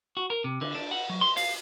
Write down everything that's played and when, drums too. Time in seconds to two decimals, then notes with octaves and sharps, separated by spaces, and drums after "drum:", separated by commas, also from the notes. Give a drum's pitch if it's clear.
0.17 F#4
0.30 A#4
0.44 C3
0.61 D3, drum: cymbal
0.75 D4
0.91 F#5
1.10 F#3
1.21 C6
1.37 F5, drum: open hi-hat